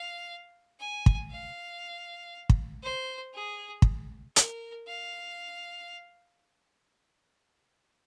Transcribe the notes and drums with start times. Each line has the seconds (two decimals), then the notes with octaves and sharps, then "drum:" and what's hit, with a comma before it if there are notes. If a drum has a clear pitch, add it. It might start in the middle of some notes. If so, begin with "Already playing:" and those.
Already playing: F5
0.80 G#5
1.06 drum: kick
1.30 F5
2.49 drum: kick
2.83 C5
3.34 G#4
3.82 drum: kick
4.36 A#4, drum: hi-hat
4.87 F5